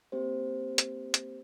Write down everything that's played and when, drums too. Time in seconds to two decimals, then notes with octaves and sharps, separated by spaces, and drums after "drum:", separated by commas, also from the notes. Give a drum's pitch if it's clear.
0.12 A#3 C4 G4 C5
0.78 drum: hi-hat
1.14 drum: hi-hat